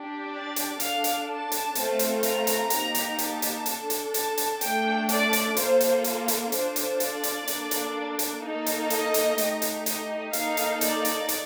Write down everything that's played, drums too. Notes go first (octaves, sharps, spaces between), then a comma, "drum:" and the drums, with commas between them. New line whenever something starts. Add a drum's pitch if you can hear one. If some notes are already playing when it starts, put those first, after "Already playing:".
Already playing: D4 G4
D5
drum: hi-hat
D4 A4 F5, drum: hi-hat
drum: hi-hat
A5
drum: hi-hat
A3 C4 F4 A4, drum: hi-hat
drum: hi-hat
A#5, drum: hi-hat
drum: hi-hat
A#3 D#4 G4 A#5, drum: hi-hat
drum: hi-hat
A5, drum: hi-hat
drum: hi-hat
D4 A4, drum: hi-hat
drum: hi-hat
A5, drum: hi-hat
drum: hi-hat
A3 D4 A4 G5, drum: hi-hat
D5, drum: hi-hat
drum: hi-hat
A#3 F4 A4 C5, drum: hi-hat
drum: hi-hat
drum: hi-hat
drum: hi-hat
D4 F4 A4 C5, drum: hi-hat
drum: hi-hat
D5, drum: hi-hat
drum: hi-hat
A#3 D4 A4, drum: hi-hat
drum: hi-hat
drum: hi-hat
A#3 D#4 A4
drum: hi-hat
D#5, drum: hi-hat
drum: hi-hat
A3 D#4 G4, drum: hi-hat
drum: hi-hat
D#5, drum: hi-hat
A#3 D#4 A4 F5, drum: hi-hat
drum: hi-hat
D5, drum: hi-hat
drum: hi-hat
drum: hi-hat